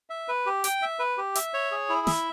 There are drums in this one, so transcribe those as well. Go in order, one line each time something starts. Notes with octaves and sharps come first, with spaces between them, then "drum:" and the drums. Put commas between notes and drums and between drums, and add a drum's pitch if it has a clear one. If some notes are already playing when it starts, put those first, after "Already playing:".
E5
B4
G4
G5, drum: hi-hat
E5
B4
G4
E5, drum: hi-hat
C#5
G#4
E4
E5, drum: snare